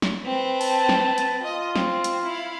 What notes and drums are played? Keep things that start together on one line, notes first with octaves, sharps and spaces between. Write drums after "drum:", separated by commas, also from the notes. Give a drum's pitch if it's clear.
drum: snare
C4 B4
A5, drum: open hi-hat
drum: snare
drum: hi-hat
F4 D#5
C4, drum: snare
drum: hi-hat
E4 F5